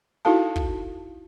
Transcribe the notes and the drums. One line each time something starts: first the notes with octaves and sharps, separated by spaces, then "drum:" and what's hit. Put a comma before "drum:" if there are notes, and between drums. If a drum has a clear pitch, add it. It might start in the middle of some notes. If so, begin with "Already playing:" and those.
D#4 E4 F#4 A4 F5 A5
drum: kick